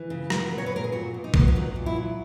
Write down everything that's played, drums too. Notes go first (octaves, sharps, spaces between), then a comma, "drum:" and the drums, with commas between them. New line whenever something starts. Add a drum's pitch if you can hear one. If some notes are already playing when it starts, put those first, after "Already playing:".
Already playing: E3
C#3
F#3 A#4, drum: rim click
A#2
C#5
B4
A#2 A#4
G#4
A#2 F#4
A#2
D#4
F#3 A#3, drum: kick
B3
C#4
F#3 D#4
A#2
E4
F#3